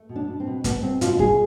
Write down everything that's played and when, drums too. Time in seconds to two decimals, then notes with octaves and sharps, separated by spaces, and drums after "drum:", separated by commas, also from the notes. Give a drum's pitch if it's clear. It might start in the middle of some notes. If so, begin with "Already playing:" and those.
Already playing: A3
0.09 B2
0.16 D4
0.28 B2
0.40 C4
0.47 B2
0.64 B2 B3, drum: kick, hi-hat
0.83 A3 C4
1.01 B2 F4, drum: hi-hat
1.13 F4
1.19 A3 G#4, drum: kick